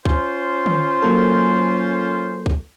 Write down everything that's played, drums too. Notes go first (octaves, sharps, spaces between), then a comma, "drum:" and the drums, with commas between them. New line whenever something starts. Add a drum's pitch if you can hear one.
C#4 F4 C5, drum: kick
drum: tom D3
F#3 A#3 A4
drum: kick